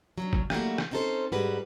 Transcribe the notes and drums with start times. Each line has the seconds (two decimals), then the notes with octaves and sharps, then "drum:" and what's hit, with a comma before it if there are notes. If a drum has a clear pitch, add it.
0.18 F#3 C#4 D4
0.33 drum: kick
0.50 F#3 G3 A3 A#3 E4 F#4, drum: rim click
0.78 drum: rim click
0.91 C4 C#4 D#4 G4 A4 C5
1.32 G#2 G3 C#4 F#4 G#4 B4